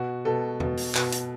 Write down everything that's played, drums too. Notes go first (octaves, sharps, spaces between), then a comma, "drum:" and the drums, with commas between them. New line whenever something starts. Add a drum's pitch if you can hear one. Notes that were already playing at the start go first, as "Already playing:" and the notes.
Already playing: B2 F#4
B2 A4
B2, drum: tom E2
drum: open hi-hat
B2, drum: clap
drum: hi-hat